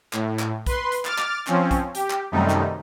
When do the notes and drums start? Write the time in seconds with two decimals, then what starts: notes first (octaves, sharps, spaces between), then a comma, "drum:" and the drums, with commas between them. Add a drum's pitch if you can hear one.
0.13 A2, drum: clap
0.39 drum: clap
0.66 B4 C6, drum: kick, hi-hat
0.92 drum: hi-hat
1.05 D6 F6 A6, drum: clap
1.18 drum: clap
1.47 F3 C4 C#4, drum: clap
1.71 drum: kick, hi-hat
1.95 G4, drum: hi-hat
2.10 drum: clap
2.32 F#2 C3 D#3 G3 A3 D#4
2.50 drum: clap